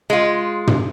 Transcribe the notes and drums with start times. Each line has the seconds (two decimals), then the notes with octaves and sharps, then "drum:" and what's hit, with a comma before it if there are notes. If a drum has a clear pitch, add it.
0.10 G#3 F4
0.67 drum: tom